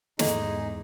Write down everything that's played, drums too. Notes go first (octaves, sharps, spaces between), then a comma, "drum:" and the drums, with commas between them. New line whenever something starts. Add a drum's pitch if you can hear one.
E2 G#2 G#3 D#4 A4 D#5, drum: snare